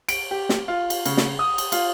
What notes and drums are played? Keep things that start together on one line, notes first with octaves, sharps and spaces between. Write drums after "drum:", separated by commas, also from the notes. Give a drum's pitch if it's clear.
D7, drum: cymbal
G4
drum: snare
F4
drum: cymbal
C#3, drum: cymbal
drum: snare
D#6
drum: cymbal
F4, drum: cymbal